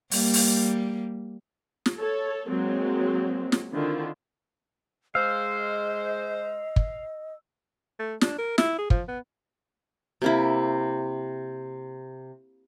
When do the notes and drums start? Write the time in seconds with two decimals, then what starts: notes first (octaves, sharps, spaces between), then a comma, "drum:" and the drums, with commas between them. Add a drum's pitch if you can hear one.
0.11 G3 A#3, drum: open hi-hat
0.34 drum: open hi-hat
1.86 drum: snare
1.98 A4 C#5
2.49 F#3 G#3 A#3 C4
3.52 drum: snare
3.73 D3 D#3 C4 E4 F4
5.15 G#3 C5 D#5 F5 E6
6.76 drum: kick
8.00 A3
8.21 D4, drum: snare
8.38 A#4
8.58 E4, drum: snare
8.78 G#4
8.90 F3, drum: kick
9.08 B3
10.22 C3 A#3 E4